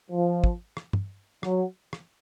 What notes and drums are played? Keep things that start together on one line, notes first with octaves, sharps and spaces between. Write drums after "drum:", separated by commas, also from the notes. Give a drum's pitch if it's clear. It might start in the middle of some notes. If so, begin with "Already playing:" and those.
F3
drum: kick
drum: rim click
drum: tom
F#3, drum: rim click
drum: rim click